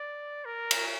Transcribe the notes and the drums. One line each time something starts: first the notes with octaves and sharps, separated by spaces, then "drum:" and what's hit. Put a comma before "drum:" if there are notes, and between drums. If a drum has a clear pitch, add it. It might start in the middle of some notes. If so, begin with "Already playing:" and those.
Already playing: D5
A#4
drum: cymbal